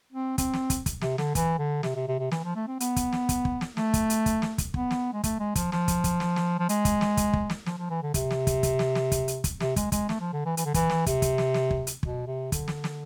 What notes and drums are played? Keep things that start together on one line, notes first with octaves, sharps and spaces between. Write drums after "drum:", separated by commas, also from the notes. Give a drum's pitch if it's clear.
C4
C4, drum: kick, hi-hat
drum: snare
drum: kick, hi-hat
drum: kick, hi-hat
C3, drum: snare
D3, drum: snare
E3, drum: kick, hi-hat
D3
C3, drum: snare
C3
C3
C3
E3, drum: snare
F3
A3
C4
B3, drum: hi-hat
drum: kick, hi-hat
drum: snare
drum: kick, hi-hat
drum: kick
drum: snare
A3, drum: snare
drum: kick, hi-hat
drum: hi-hat
drum: kick, hi-hat
drum: snare
drum: kick, hi-hat
B3, drum: kick
drum: snare
G#3
A3, drum: kick, hi-hat
G#3
F3, drum: kick, hi-hat
F3, drum: snare
drum: kick, hi-hat
drum: kick, hi-hat
drum: snare
drum: snare
F3
G#3, drum: hi-hat
drum: kick, hi-hat
drum: snare
drum: kick, hi-hat
drum: kick
drum: snare
F3, drum: snare
F3
E3
D3
C3, drum: kick, hi-hat
drum: snare
drum: kick, hi-hat
drum: kick, hi-hat
drum: snare
drum: snare
drum: kick, hi-hat
drum: hi-hat
drum: kick, hi-hat
C3, drum: snare
G#3, drum: kick, hi-hat
G#3, drum: kick, hi-hat
A3, drum: snare
F3
D3
E3
E3, drum: hi-hat
D3
E3, drum: kick, hi-hat
drum: snare
C3, drum: kick, hi-hat
drum: kick, hi-hat
drum: snare
drum: snare
drum: kick
drum: hi-hat
B2, drum: kick
C3
D3, drum: kick, hi-hat
drum: snare
drum: snare